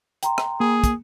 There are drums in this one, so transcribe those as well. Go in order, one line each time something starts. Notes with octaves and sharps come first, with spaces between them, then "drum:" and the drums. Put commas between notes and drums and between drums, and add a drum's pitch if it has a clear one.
G5 A#5 C6, drum: hi-hat
drum: rim click
A#3 G#4
drum: kick, hi-hat